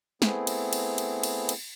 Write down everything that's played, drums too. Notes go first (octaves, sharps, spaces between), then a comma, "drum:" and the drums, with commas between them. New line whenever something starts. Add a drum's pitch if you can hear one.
A3 B3 C4 E4 G#4, drum: snare
drum: cymbal
drum: cymbal
drum: cymbal
drum: cymbal
drum: cymbal